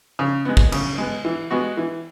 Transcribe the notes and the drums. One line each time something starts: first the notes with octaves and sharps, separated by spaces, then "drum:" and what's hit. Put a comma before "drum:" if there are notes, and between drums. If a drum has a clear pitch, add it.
C#3
G#3 B3
drum: kick
C#3, drum: cymbal
G#3 B3
E3
G#3 B3 F#4
E3